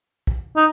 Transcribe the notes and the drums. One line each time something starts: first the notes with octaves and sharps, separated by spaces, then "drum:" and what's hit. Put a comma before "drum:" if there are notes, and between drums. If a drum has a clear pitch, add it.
drum: kick
D#4